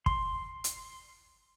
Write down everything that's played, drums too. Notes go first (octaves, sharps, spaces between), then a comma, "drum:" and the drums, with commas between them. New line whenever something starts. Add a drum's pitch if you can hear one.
C6, drum: kick
drum: hi-hat